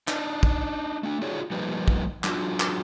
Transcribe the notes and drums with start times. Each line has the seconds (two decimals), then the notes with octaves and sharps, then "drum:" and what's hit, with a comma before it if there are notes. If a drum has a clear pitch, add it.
0.08 D4 D#4, drum: clap
0.43 drum: kick
1.03 A3 D4
1.21 D#4 F4 F#4 G#4 C#5 D5
1.51 F3 G3 A#3 D#4 G4 B4
1.88 drum: kick
2.24 F#3 D4 F4 F#4, drum: clap
2.60 drum: clap